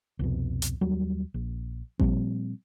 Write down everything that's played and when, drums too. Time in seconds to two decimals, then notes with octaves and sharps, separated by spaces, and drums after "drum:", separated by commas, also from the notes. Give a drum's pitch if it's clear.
0.19 C2 F2 B2
0.62 drum: hi-hat
0.81 D#2 F#3 G3
1.34 A#1
2.00 A#2 F3 G3 C4, drum: kick A1